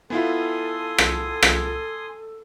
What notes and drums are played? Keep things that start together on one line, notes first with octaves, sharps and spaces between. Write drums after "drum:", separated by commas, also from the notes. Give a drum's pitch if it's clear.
B3 E4 F4 A4 G#5 C6 D#6
drum: rim click
drum: rim click